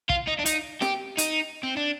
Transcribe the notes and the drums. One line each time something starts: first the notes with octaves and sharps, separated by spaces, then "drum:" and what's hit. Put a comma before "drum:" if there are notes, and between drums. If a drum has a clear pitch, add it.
F4, drum: kick
D#4
D4
D#4, drum: hi-hat
G4, drum: snare
D#4, drum: hi-hat
C4
D4